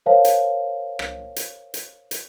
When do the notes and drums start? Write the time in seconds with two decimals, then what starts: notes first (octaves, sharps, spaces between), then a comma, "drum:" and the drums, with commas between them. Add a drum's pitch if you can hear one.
0.06 A#4 C5 C#5 F5 A5
0.25 drum: hi-hat
0.99 drum: rim click
1.36 drum: hi-hat
1.74 drum: hi-hat
2.11 drum: hi-hat